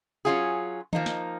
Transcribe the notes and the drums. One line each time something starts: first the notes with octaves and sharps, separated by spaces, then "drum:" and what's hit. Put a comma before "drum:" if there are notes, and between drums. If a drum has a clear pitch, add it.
F#3 C#4 F4 G#4
F3 A#3 D#4, drum: tom D#3
drum: snare